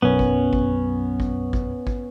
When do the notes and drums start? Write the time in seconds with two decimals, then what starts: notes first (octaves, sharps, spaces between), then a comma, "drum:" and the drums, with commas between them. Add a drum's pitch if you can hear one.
0.02 B1 F#2 B3 C#4
0.19 drum: kick G#1
0.53 drum: kick G#1
1.20 drum: kick G#1
1.53 drum: kick G#1
1.87 drum: kick G#1